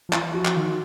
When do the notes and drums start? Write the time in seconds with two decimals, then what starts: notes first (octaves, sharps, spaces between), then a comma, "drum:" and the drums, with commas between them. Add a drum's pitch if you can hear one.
0.09 F3
0.13 E3 F4, drum: clap
0.34 F3 F#4
0.45 drum: clap
0.56 D#3 F4